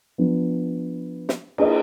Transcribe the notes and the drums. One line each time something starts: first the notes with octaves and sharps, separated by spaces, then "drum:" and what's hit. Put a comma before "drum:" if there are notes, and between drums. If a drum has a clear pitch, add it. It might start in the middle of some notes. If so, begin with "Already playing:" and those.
F3 B3 D4
drum: snare
A#3 D4 G#4 B4 D#5, drum: cymbal